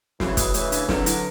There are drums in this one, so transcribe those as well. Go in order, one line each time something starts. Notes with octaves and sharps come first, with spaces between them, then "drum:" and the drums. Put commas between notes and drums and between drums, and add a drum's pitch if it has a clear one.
C#3 E3 F#4, drum: snare
A3, drum: kick, hi-hat
C#3 E3 C#5, drum: hi-hat
D4, drum: hi-hat
D3 F#3 B4, drum: snare
E4, drum: hi-hat